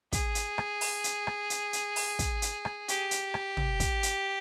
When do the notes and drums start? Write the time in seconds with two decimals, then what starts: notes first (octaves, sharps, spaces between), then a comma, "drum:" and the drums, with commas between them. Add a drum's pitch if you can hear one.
0.12 G#4, drum: kick, hi-hat
0.35 drum: hi-hat
0.58 drum: rim click
0.81 drum: open hi-hat
1.04 drum: hi-hat
1.27 drum: rim click
1.50 drum: hi-hat
1.73 drum: hi-hat
1.96 drum: open hi-hat
2.19 drum: kick, hi-hat
2.42 drum: hi-hat
2.65 drum: rim click
2.88 G4, drum: hi-hat
3.11 drum: hi-hat
3.34 drum: rim click
3.57 drum: tom
3.80 drum: kick, hi-hat
4.03 drum: hi-hat